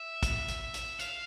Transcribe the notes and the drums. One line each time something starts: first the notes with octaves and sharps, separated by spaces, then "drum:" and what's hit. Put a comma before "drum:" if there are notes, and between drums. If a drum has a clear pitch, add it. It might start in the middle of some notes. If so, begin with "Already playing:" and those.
Already playing: E5
drum: kick, hi-hat
drum: hi-hat
drum: hi-hat
F5, drum: hi-hat